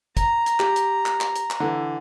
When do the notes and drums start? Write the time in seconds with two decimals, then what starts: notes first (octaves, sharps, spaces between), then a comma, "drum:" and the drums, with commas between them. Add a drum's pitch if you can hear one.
0.17 A#5, drum: kick, hi-hat
0.46 drum: hi-hat
0.60 G4, drum: clap
0.76 drum: hi-hat
1.06 drum: clap
1.21 drum: clap
1.36 drum: hi-hat
1.50 drum: clap
1.60 D3 E3